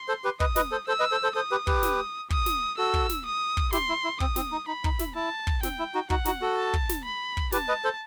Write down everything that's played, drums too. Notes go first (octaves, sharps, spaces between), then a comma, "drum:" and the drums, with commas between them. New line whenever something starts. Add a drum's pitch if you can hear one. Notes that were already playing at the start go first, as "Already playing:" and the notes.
Already playing: C6
A4 C5
G4 B4
B4 D#5 D#6, drum: kick
B4 D#5, drum: snare
A4 C5
A4 C5 E6
B4 D#5
A4 C5
A4 C5
A4 C5 D#6
G4 B4
G4 B4, drum: kick
drum: snare
D#6, drum: kick
drum: snare
F#4 A4 E6
drum: kick
drum: snare
D#6
drum: kick
E4 G4 C6, drum: snare
E4
E4
C4 D#6, drum: kick
C4, drum: snare
D#4
D#4 B5
D#4, drum: kick
E4, drum: snare
E4 A5
drum: kick
C4 G5, drum: snare
E4
D#4 F#4
D#4 F#4 F#5, drum: kick
D#4 F#4, drum: snare
F#4 A4
A5
drum: kick
drum: snare
B5
drum: kick
G4 B4 A5, drum: snare
B4 D#5
A4 C5